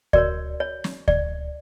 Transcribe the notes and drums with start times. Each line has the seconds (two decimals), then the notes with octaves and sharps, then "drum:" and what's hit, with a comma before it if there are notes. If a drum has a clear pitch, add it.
0.13 F#4 A#4 C#5 D5, drum: kick D2
0.60 C#5
0.84 drum: snare
1.08 D5, drum: kick D2